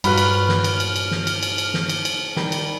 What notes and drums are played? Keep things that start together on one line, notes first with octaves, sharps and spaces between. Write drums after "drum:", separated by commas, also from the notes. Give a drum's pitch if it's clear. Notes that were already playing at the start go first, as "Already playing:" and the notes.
G2 A#2 F#3 B4 B5 F6, drum: cymbal
drum: cymbal
drum: snare
drum: cymbal
drum: cymbal
drum: cymbal
drum: snare
drum: cymbal
drum: cymbal
drum: cymbal
drum: snare
drum: cymbal
drum: cymbal
D#3 G3, drum: snare
drum: cymbal